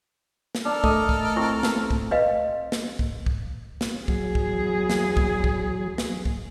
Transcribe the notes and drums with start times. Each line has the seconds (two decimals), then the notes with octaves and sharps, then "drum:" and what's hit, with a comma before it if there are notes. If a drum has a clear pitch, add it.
0.55 drum: snare
0.65 D4 A4 A#4 F6
0.84 A3 D#5, drum: kick C2
1.09 drum: kick C2
1.36 C4 E4 C#6 E6
1.63 drum: snare
1.91 drum: kick C2
2.11 B4 D#5 F5
2.72 drum: snare
2.99 drum: kick C2
3.26 drum: kick C2
3.81 drum: snare
4.08 E2 F#3 G#4, drum: kick C2
4.35 drum: kick C2
4.90 drum: snare
5.17 drum: kick C2
5.44 drum: kick C2
5.98 drum: snare
6.25 drum: kick C2